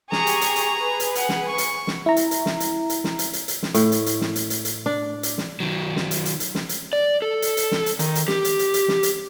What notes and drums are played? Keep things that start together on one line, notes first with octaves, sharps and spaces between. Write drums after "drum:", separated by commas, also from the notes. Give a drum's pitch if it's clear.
G4 G#4 A#5 C#6, drum: snare
drum: hi-hat
drum: hi-hat
drum: hi-hat
G#4 B4
drum: hi-hat
F#5, drum: hi-hat
drum: snare
C#6
drum: hi-hat
drum: snare
E4 A#5
drum: hi-hat
drum: hi-hat
drum: snare
drum: hi-hat
drum: hi-hat
drum: snare
drum: hi-hat
drum: hi-hat
drum: hi-hat
drum: snare
A2, drum: hi-hat
drum: hi-hat
drum: hi-hat
drum: snare
drum: hi-hat
drum: hi-hat
drum: hi-hat
D4
drum: hi-hat
drum: snare
D#3 F#3
drum: snare
drum: hi-hat
drum: hi-hat
drum: hi-hat
drum: snare
drum: hi-hat
D5
A4
drum: hi-hat
drum: hi-hat
drum: snare
drum: hi-hat
D#3, drum: hi-hat
drum: hi-hat
G4, drum: snare
drum: hi-hat
drum: hi-hat
drum: hi-hat
drum: snare
drum: hi-hat